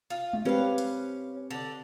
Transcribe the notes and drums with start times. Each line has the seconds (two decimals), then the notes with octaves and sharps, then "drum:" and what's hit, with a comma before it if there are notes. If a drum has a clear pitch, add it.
0.10 F4
0.33 drum: tom G#3
0.45 C4 C#4 G4 B4 F5
0.78 drum: hi-hat
1.50 D3 D5